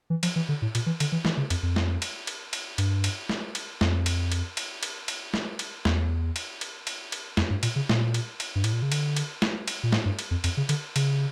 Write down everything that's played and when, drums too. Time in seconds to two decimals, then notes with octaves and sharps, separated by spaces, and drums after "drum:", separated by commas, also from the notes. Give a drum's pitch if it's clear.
0.10 E3
0.23 F3, drum: cymbal
0.36 E3
0.49 D3
0.62 A2
0.75 A#2, drum: cymbal
0.86 E3
1.00 D3, drum: cymbal
1.12 E3
1.25 E3, drum: snare
1.37 C#3
1.50 F2, drum: cymbal
1.63 F2
1.76 drum: snare
2.02 drum: cymbal
2.27 drum: cymbal
2.53 drum: cymbal
2.78 G2, drum: cymbal
3.04 drum: cymbal
3.29 drum: snare
3.55 drum: cymbal
3.81 F2, drum: snare
4.06 drum: cymbal
4.32 drum: cymbal
4.57 drum: cymbal
4.83 drum: cymbal
5.08 drum: cymbal
5.34 drum: snare
5.59 drum: cymbal
5.85 E2, drum: snare
6.36 drum: cymbal
6.61 drum: cymbal
6.87 drum: cymbal
7.12 drum: cymbal
7.37 F2, drum: snare
7.50 G2
7.63 A#2, drum: cymbal
7.76 C#3
7.89 A#2, drum: snare
8.14 drum: cymbal
8.40 drum: cymbal
8.56 G2
8.64 A2, drum: cymbal
8.73 A#2
8.82 C#3
8.92 D3, drum: cymbal
9.16 drum: cymbal
9.42 drum: snare
9.68 drum: cymbal
9.83 A#2
9.92 A2, drum: snare
10.05 G2
10.19 drum: cymbal
10.31 F2
10.44 F2, drum: cymbal
10.57 C#3
10.69 D3, drum: cymbal
10.96 C#3, drum: cymbal